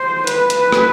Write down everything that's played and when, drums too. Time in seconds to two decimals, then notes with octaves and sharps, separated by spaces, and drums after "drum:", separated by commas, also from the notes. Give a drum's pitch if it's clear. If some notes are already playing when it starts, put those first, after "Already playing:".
Already playing: C5
0.27 B4, drum: hi-hat
0.50 drum: hi-hat
0.72 drum: rim click